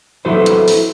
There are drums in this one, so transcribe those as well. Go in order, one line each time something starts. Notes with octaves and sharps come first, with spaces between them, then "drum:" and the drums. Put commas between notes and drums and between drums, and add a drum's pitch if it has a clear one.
F#3 E4 F#4 A4 B4 C5
drum: hi-hat
drum: open hi-hat